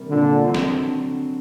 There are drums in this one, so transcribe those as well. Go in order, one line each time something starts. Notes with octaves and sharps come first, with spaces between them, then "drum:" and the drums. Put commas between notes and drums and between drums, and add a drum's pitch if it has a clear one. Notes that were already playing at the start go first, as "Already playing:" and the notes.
Already playing: C3 D#3 G3 A#3
A#2 D3
D3 F#3 C4
drum: snare